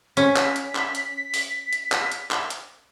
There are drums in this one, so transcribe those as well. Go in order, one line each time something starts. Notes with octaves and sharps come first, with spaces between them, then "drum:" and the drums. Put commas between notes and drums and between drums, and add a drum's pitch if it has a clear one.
C#4 B6, drum: hi-hat
drum: clap
drum: hi-hat
drum: clap
drum: hi-hat
drum: open hi-hat
drum: hi-hat
drum: clap
drum: hi-hat
drum: clap
drum: hi-hat